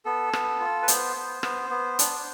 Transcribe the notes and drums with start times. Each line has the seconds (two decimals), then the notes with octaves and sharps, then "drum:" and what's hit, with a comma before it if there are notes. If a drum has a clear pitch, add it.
0.05 B3 A4
0.33 B3, drum: rim click
0.60 F4
0.83 B4
0.88 B3 C5, drum: hi-hat
1.16 B3
1.43 B3, drum: rim click
1.70 B3
1.99 D4, drum: hi-hat